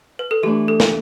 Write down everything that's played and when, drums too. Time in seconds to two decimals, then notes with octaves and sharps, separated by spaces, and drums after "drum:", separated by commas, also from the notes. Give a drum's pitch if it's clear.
0.19 B4
0.31 A4
0.43 E3 A3 D4 G4
0.68 A4
0.80 drum: snare